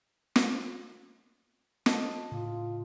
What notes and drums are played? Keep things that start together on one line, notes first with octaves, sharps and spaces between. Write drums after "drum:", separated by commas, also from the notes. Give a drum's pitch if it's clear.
drum: snare
A4 D#5, drum: snare
A2 C#3 F4